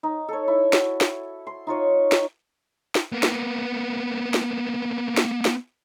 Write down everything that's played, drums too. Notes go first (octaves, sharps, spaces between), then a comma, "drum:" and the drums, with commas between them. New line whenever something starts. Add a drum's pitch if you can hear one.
D#4
A4 C#5
E4
F#4, drum: snare
drum: snare
C6
D#4 F4 C#5 D#5
drum: snare
drum: snare
A#3 B3
drum: snare
drum: snare
drum: snare
drum: snare